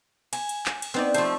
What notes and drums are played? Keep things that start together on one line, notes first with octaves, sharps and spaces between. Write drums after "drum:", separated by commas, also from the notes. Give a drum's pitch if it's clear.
G#5, drum: cymbal
drum: cymbal
drum: clap
drum: cymbal
B3 C4 D#4 D5
F3 A3 C5, drum: cymbal